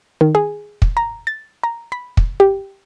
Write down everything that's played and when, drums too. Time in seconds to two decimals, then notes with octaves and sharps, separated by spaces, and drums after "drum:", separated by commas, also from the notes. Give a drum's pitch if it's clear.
0.21 D#3
0.35 G#4
0.82 drum: kick
0.97 A#5
1.27 A6
1.64 A#5
1.92 B5
2.17 drum: kick
2.40 G4